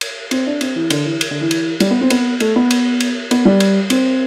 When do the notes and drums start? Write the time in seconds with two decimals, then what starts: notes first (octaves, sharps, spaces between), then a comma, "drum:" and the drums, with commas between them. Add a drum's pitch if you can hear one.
0.01 drum: cymbal
0.31 C4, drum: cymbal
0.47 D4
0.61 C4, drum: cymbal
0.76 E3
0.90 D3, drum: cymbal
1.05 E3
1.21 drum: cymbal
1.31 D3
1.41 E3
1.51 drum: cymbal
1.80 G3, drum: cymbal
1.91 B3
2.01 C4
2.10 B3, drum: cymbal
2.40 A3, drum: cymbal
2.56 B3
2.71 drum: cymbal
3.00 drum: cymbal
3.31 B3, drum: cymbal
3.45 G3
3.60 drum: cymbal
3.90 C4, drum: cymbal